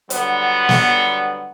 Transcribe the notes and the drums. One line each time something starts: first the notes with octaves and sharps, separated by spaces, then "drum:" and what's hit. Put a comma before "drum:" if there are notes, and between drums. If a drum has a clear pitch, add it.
D3 F#3 G3 B3, drum: hi-hat
drum: snare